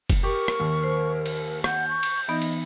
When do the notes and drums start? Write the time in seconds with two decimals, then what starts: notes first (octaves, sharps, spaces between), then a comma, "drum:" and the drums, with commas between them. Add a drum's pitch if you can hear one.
0.10 drum: kick F1, cymbal
0.23 G4 A#4 C#6
0.48 drum: rim click
0.60 D#2
0.84 C5
1.26 drum: cymbal
1.64 F#5 G6, drum: rim click
1.89 C#6
2.03 drum: cymbal
2.28 E3 B3 D#4 D#5
2.42 drum: cymbal